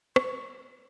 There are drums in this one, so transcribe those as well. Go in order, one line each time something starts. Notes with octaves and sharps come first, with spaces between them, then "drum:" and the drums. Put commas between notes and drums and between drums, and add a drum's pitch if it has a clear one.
C#6, drum: rim click